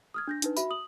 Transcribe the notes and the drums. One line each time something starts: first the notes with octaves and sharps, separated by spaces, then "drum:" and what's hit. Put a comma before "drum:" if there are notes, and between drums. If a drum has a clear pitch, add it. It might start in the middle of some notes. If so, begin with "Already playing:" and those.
D#6 F6 G#6
D4 G6 A#6
D4 D#4 B4, drum: hi-hat
F#4 E5 B5, drum: tambourine
D#6 F#7